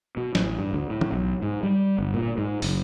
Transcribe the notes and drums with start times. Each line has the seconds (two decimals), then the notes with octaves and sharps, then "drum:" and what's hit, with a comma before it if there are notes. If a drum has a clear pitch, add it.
0.17 B2
0.35 A1, drum: snare
0.59 G2
0.73 D2
0.90 A2
1.01 drum: tom
1.12 B1
1.42 G#2
1.63 G3
1.99 G1
2.14 A#2
2.38 G#2
2.62 F#1, drum: open hi-hat